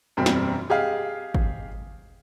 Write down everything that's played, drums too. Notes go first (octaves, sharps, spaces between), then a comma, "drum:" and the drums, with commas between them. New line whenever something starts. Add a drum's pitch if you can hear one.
E1 F#2 G3 C4
drum: snare
G4 G#4 D#5 F5
drum: kick